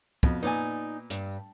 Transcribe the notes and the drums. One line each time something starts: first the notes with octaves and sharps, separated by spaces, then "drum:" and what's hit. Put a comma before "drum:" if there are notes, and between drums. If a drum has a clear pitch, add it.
F2 B2, drum: kick
A#2 B3 D#4 D5 G#5
G2, drum: hi-hat